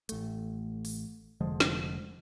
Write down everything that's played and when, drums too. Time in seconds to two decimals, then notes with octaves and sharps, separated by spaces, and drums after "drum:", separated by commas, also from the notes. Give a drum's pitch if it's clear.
0.09 A1 A3, drum: hi-hat
0.85 drum: open hi-hat
1.41 F1 D3 F3 G#3
1.60 drum: snare